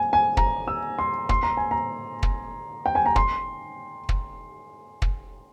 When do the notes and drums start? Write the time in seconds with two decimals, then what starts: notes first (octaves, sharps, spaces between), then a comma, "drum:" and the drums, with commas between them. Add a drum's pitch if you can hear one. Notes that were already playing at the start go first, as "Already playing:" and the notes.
Already playing: G#5
0.13 G#5
0.37 A#5, drum: kick
0.68 E6
0.99 C6
1.29 C6, drum: kick
1.43 A#5
1.57 G#5
1.71 A#5
2.23 drum: kick
2.86 G5
2.95 G#5
3.06 A#5
3.16 C6, drum: kick
4.09 drum: kick
5.02 drum: kick